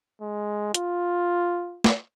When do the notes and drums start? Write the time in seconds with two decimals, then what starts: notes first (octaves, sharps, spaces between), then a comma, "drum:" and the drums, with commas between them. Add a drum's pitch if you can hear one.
0.22 G#3
0.74 F4, drum: hi-hat
1.84 drum: snare